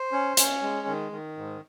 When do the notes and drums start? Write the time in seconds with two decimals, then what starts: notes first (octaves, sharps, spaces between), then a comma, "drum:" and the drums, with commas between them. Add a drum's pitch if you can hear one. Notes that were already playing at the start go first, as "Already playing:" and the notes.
Already playing: C5
0.12 C#4
0.37 C#4, drum: hi-hat
0.62 G#3
0.87 D#3
1.12 D#3
1.37 G#2